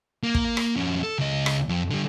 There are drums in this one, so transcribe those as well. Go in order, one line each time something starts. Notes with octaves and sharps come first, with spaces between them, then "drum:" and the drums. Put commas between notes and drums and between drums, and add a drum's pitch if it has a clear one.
A#3
drum: kick
drum: rim click
F2 C#4
A4
C#2 D#5
drum: rim click
F2
D3 G3